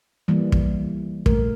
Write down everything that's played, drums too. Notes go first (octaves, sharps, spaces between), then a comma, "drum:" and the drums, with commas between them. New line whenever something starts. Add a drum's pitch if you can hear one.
E3 G3 A#3
drum: kick
A#2 A3 A#4, drum: kick